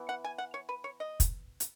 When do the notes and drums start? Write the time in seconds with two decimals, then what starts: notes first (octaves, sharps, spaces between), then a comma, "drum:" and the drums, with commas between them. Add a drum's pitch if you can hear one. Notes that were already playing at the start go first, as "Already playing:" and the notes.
Already playing: E3 B3
0.09 F#5
0.24 G#5
0.38 F#5
0.54 C#5
0.69 B4
0.84 C#5
1.00 D#5
1.20 drum: kick, hi-hat
1.60 drum: hi-hat